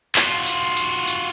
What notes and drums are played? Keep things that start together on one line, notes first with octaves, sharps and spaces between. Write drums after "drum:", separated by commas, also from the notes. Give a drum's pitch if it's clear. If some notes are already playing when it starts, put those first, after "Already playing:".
F4 F#4, drum: clap
drum: tambourine
drum: tambourine
drum: tambourine